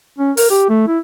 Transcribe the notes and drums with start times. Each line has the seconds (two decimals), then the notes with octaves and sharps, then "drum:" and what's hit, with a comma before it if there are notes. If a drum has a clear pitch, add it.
0.19 C#4
0.37 A#4, drum: open hi-hat
0.50 G4
0.69 A3
0.87 E4